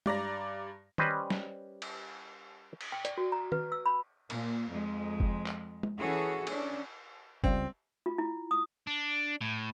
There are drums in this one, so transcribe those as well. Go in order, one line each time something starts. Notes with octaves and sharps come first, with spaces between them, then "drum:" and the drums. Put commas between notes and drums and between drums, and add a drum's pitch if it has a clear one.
G2 D5 A#5 A#6, drum: tom
G3 C#4 B4 C5 D#5, drum: tom
drum: snare
drum: cymbal
drum: cymbal
G5
D5, drum: hi-hat
F#4
A#5
B4, drum: tom
E6
B5
A#2, drum: cymbal
F2 G#3
drum: kick
drum: clap
drum: tom
E3 C#4 F#4 G#4 A4 C#5
C#4 D4, drum: cymbal
C#2 G3 C4 D5 F5, drum: kick
F4
E4
D#6
D4
A2